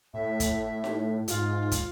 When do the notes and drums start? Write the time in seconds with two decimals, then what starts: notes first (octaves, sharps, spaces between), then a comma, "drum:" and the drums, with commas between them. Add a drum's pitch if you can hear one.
0.14 A2 E5
0.40 drum: kick, hi-hat
0.84 drum: snare D#4
1.28 G#2 F4, drum: hi-hat
1.72 drum: kick, hi-hat